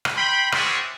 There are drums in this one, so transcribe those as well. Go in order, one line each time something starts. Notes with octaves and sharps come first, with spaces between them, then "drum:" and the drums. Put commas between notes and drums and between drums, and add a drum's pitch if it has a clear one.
drum: rim click
G5 B5 C6
C4 C#4 E4 F#4 G#4 D5, drum: rim click